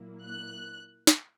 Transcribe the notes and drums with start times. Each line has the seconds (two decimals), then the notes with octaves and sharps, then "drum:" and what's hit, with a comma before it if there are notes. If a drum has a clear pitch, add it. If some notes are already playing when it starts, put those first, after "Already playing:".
Already playing: A#2 F#3 A#3 E4
0.23 F#6
1.07 drum: snare